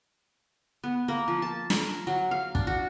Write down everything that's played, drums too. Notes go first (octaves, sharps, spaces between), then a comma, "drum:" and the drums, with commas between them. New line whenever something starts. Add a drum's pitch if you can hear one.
B3
A#3
F3
A5
A#4, drum: snare
F#3
F5
D4, drum: kick
F#4